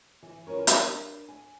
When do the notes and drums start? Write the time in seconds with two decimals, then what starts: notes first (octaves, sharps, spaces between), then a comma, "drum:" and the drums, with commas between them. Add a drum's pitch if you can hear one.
0.23 E3
0.47 E3 F3 C#4 A#4 C#5
0.67 D4 A#4, drum: hi-hat
1.29 G#5